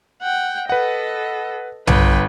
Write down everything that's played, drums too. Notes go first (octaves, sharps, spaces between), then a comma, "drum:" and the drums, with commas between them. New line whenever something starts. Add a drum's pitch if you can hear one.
F#5 G5
A4 B4 D#5 F#5
G1 B4 G5, drum: tom B1